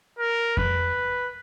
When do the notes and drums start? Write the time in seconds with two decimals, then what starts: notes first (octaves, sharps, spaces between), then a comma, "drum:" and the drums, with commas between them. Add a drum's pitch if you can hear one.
0.19 A#4
0.57 B4, drum: kick F2